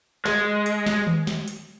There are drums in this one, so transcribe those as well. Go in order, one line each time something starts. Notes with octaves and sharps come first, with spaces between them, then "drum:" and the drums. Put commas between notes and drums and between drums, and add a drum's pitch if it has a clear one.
G#3, drum: snare
drum: hi-hat
drum: snare
drum: tom D#3
drum: snare
drum: hi-hat